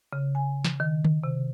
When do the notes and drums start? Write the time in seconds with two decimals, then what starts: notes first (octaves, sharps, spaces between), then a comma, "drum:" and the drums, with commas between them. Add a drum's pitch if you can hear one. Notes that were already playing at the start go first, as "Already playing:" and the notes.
0.13 C#3
0.35 G#5
0.65 drum: snare
0.80 D#3
1.05 drum: tom D3
1.24 C3